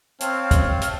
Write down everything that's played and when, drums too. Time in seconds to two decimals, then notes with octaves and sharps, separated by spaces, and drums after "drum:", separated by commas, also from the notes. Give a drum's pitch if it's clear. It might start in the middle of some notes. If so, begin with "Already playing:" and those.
0.20 C4 C#5 F5 A5 F6, drum: hi-hat
0.51 drum: kick, hi-hat
0.82 drum: hi-hat